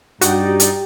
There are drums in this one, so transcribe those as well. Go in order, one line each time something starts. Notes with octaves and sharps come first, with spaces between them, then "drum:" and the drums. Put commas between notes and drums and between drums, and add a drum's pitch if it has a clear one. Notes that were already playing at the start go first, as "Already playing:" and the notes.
G2 D#4 F#4 G4 D5 G5, drum: hi-hat
drum: hi-hat